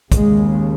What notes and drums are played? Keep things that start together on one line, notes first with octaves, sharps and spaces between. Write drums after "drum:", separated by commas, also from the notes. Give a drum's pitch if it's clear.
D#2 C#3 G#3, drum: kick, hi-hat